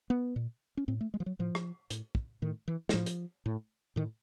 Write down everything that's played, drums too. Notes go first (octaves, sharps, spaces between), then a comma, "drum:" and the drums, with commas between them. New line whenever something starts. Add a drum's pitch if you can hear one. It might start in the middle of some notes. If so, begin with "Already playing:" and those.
B3
A#2
C#4
A2 C4
A3
G#3
F3
F#3
A2 F3
drum: rim click
A2, drum: hi-hat
drum: kick
A2 D#3
E3
F#3, drum: snare
A2 F3
drum: hi-hat
A2
A2 D#3